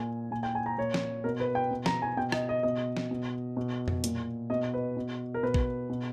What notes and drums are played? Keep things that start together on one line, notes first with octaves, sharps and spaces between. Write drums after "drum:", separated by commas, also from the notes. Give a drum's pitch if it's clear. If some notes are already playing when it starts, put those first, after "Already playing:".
Already playing: A#2 G#5
A#2 G#5
G5
G#5
A#5
A#2 C#5
drum: snare
B2 A#4
B4
G5
B2
A#5, drum: snare
G#5
B2 G5
D#5, drum: rim click
D#5
B2 D#5
drum: snare
B2
B2
drum: tom F2
A#2, drum: hi-hat
B2 D#5
B4
B2
A#4
B2 B4
drum: kick
B2